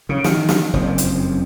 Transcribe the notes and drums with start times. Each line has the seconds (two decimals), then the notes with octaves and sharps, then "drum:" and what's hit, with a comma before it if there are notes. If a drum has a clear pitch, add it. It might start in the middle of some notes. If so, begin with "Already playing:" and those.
0.09 C#3
0.24 D#3, drum: snare
0.49 drum: snare
0.73 F#1 F2 F3
0.98 drum: hi-hat